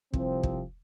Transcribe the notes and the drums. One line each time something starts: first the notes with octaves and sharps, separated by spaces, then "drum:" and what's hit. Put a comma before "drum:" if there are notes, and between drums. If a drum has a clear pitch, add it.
C2 C3 F3 C4, drum: kick
drum: kick